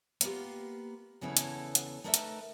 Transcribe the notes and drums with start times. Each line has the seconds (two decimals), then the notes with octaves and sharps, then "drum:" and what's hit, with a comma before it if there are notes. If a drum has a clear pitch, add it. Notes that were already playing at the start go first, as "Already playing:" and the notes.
0.21 A#3 B3 F4 G4, drum: hi-hat
1.21 E2 C#3 B3 E4 A4 C#5
1.37 drum: hi-hat
1.75 drum: hi-hat
2.04 A3 D#4 A#4 B4 D#5 E5
2.14 drum: hi-hat